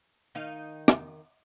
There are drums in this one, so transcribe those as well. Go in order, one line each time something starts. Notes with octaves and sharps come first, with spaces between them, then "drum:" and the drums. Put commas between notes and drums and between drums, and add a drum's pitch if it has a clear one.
D#3 D#4 F5
drum: rim click